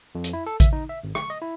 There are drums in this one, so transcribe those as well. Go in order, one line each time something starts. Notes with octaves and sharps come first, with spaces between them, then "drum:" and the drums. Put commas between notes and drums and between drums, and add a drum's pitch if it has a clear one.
F2
drum: hi-hat
E4
A4
E5, drum: kick A1, hi-hat
D#4
E5
G#1
C#6, drum: rim click
D#5
E4